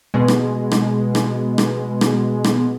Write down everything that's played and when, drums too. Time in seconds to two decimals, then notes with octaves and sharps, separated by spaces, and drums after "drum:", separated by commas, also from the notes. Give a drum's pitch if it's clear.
0.14 B2 G#3
0.28 drum: rim click
0.72 drum: rim click
1.15 drum: rim click
1.58 drum: rim click
2.01 drum: rim click
2.44 drum: rim click